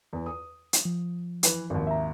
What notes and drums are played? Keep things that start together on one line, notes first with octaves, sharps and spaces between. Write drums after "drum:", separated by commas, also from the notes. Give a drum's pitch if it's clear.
E2
D#6
drum: hi-hat
F3
E3 B4, drum: hi-hat
G#1 D#2
E5 A#5